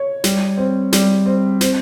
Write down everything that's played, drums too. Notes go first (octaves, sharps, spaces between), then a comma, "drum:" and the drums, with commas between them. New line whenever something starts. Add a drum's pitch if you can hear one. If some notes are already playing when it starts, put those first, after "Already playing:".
Already playing: C#5
G3, drum: snare
C4
G3, drum: snare
C4
C4, drum: snare